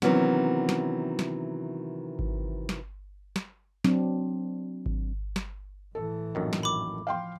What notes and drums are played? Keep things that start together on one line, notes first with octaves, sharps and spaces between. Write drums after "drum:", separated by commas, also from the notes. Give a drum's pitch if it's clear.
C3 D#3 E3 F#3 B3 C#4, drum: snare
drum: snare
drum: snare
drum: kick G#1
drum: snare
drum: snare
F#3 C4 D4, drum: snare
drum: kick G#1
drum: snare
A2 E3 A4
A#1 F#2 D#3
drum: snare
B5 D6
F3 F5 G5 C6